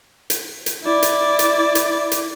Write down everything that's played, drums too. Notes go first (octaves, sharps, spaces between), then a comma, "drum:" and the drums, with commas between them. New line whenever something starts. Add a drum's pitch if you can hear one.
drum: hi-hat
drum: hi-hat
E4 D5
drum: hi-hat
drum: hi-hat
drum: hi-hat
drum: hi-hat